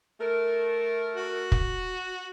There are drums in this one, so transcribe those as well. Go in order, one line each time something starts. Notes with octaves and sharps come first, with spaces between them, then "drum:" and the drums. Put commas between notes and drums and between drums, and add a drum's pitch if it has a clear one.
A3 A#4
F#4
drum: kick